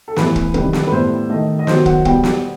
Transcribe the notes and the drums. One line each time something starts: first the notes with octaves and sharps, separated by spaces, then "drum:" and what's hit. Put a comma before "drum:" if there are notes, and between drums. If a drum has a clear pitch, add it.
A4
A2 E3 B3 B4, drum: snare
drum: kick
C3 D#3 G3 B4, drum: kick
drum: snare
B4
A2 G3 B3 C5
D#3 A3 D#5
D#5
D#3 F#3 B3 C5, drum: snare
F#5, drum: kick
B2 G3 B3 G5, drum: kick
drum: snare